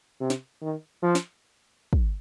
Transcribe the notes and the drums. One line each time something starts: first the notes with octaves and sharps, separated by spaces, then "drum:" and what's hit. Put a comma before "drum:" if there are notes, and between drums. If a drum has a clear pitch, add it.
C3
drum: snare
D#3
F3
drum: snare
drum: kick